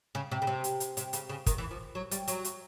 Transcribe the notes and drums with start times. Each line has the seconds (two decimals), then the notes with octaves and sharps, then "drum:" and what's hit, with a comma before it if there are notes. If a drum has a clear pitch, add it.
0.15 C#3
0.31 C3
0.42 C#3
0.47 C3
0.64 drum: hi-hat
0.80 drum: hi-hat
0.97 C3, drum: hi-hat
1.13 C#3, drum: hi-hat
1.29 C#3
1.46 D#3, drum: kick, hi-hat
1.58 E3
1.71 F3
1.95 F#3
2.11 G3, drum: hi-hat
2.28 F#3, drum: hi-hat
2.44 drum: hi-hat